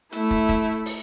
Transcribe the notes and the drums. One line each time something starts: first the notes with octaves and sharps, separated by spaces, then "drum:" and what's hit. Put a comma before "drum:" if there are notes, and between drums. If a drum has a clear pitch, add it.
A3 E4, drum: hi-hat
drum: kick
drum: kick, hi-hat
drum: open hi-hat